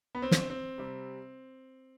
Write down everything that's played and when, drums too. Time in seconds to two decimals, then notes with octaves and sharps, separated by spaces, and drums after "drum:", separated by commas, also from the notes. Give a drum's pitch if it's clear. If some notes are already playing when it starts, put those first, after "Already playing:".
0.15 B3
0.22 C4
0.31 drum: snare
0.50 C4
0.78 C3 G3